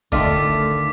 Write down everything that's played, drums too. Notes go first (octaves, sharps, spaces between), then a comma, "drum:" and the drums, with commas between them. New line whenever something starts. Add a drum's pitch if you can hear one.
D3 D#3 A3 D4 F4 D6 B6, drum: kick